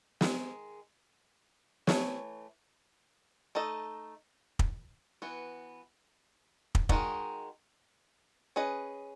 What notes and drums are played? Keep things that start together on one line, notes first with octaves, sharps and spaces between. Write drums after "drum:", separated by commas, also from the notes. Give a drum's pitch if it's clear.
D#3 G#3, drum: snare
E3 A3 C#5, drum: snare
A3 D#4 A4 D#5
drum: kick
E3 B3 F#4
drum: kick
D#3 G#3 D#4 F#4, drum: kick
C#4 G#4 B4 D#5